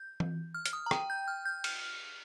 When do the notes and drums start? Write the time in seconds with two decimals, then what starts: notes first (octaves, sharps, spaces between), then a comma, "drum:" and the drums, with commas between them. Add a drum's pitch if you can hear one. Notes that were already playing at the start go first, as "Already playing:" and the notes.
Already playing: G6
0.20 drum: tom E3
0.54 F6
0.66 F6, drum: hi-hat
0.73 D#6
0.86 A#5
0.91 G5, drum: rim click
1.10 G6
1.28 F6
1.45 G6
1.64 F6, drum: cymbal